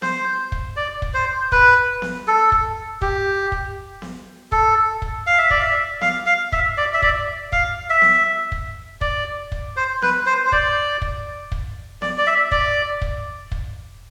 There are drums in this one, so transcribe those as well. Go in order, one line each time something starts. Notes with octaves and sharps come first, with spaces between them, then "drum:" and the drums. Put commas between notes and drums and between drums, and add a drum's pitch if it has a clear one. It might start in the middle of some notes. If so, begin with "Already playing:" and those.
C5, drum: snare B3
drum: kick
D5
drum: kick
C5
B4, drum: kick
drum: snare B3
A4
drum: kick
G4, drum: kick
drum: kick
drum: snare B3
A4, drum: kick
drum: kick
F5
E5
D5, drum: kick
E5
F5, drum: snare B3
F5
E5, drum: kick
D5
E5
D5, drum: kick
F5, drum: kick
E5
drum: snare B3
drum: kick
D5, drum: kick
drum: kick
C5
B4, drum: snare B3
C5
C5
D5, drum: kick
drum: kick
drum: kick
D5, drum: snare B3
D5
E5
D5, drum: kick
drum: kick
drum: kick